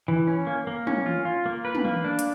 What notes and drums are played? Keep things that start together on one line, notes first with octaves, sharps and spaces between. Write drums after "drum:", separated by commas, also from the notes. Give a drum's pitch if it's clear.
E3
C#4
A#3
A#3
C#4, drum: tom
F4
F4
A#3
B4
drum: tom
A#3
D4
drum: hi-hat